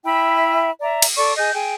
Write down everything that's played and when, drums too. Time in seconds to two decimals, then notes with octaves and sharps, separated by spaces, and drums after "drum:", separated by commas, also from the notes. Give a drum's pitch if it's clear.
0.05 E4 E5 G5 B5
0.81 D5 E5 A#5
1.02 drum: cymbal
1.16 A4 D5 C#6
1.37 G#4 D#5 G6
1.53 G#4 G5